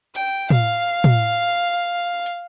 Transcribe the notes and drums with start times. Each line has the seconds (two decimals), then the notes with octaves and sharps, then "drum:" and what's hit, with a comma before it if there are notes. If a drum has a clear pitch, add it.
0.15 G5, drum: hi-hat
0.50 F5, drum: tom
1.04 drum: tom
2.26 drum: hi-hat